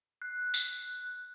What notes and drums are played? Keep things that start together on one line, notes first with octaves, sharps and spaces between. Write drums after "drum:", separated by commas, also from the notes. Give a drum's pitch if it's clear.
F#6
drum: tambourine